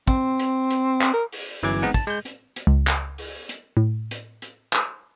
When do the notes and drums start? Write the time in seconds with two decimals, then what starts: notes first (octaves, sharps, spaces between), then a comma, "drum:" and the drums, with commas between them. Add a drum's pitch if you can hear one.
0.07 C4, drum: kick
0.39 drum: hi-hat
0.70 drum: hi-hat
1.01 drum: clap
1.13 A#4
1.32 drum: open hi-hat
1.63 G1 E3 F#3 C#4 D6 G#6
1.82 G#3 B3 C4 D#4 G#4 F#5
1.94 A5, drum: kick
2.07 G#3 G6
2.25 drum: hi-hat
2.56 drum: hi-hat
2.67 C#2
2.87 drum: clap
3.18 drum: open hi-hat
3.49 drum: hi-hat
3.77 A2
4.11 drum: hi-hat
4.42 drum: hi-hat
4.73 drum: clap